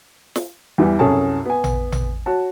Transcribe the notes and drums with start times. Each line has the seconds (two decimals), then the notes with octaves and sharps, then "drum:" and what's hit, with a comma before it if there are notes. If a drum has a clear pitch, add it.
0.36 drum: snare
0.78 E2 E3 G3
0.99 C2 F#2 G#4 A4 C#5 A5
1.45 B3 G#5
1.64 drum: tom A1
1.92 drum: tom A1
2.26 F#4 C#5 A5